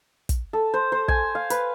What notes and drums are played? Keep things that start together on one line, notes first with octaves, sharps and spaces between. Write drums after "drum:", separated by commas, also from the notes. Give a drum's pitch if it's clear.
drum: kick, hi-hat
A4
C5
C5
G#5, drum: kick
F5
B4, drum: hi-hat